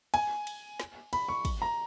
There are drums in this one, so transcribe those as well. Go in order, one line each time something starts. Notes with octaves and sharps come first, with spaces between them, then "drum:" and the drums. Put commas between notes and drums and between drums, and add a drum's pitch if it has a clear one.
G#5, drum: cymbal
drum: cymbal
drum: snare
B5, drum: cymbal
C#6
drum: kick, cymbal
A#5